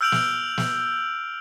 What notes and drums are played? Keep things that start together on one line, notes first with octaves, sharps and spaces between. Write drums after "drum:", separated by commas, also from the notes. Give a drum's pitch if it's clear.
E6 F6 G6 D7 F7 F#7
drum: snare
drum: snare